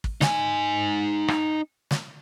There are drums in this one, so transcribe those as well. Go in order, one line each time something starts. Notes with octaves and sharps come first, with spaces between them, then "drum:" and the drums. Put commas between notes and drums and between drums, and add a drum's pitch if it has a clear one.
drum: kick
D#4 G#5, drum: snare
drum: rim click
drum: snare